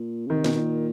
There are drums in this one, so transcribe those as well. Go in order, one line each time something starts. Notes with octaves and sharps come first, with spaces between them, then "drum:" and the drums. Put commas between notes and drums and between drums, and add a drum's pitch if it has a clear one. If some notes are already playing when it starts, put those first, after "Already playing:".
Already playing: A#2
C#3
C3 D#3
B2, drum: snare
B2
A#2